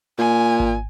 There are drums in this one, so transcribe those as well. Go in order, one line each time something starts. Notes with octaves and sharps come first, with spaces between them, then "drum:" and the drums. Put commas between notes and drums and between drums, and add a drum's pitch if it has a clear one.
A#2 G#5
drum: kick G#1